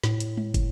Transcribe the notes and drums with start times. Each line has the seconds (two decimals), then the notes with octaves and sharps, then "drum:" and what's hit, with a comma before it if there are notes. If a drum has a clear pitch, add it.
0.04 A2, drum: snare
0.20 drum: hi-hat
0.37 drum: tom G#3
0.54 drum: kick, hi-hat